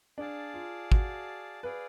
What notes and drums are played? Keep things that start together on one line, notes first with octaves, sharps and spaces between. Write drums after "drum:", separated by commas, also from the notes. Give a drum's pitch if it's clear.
D4 G#4 D5 F5 A5
F4
F#4, drum: kick
G#4 B4 D5 F5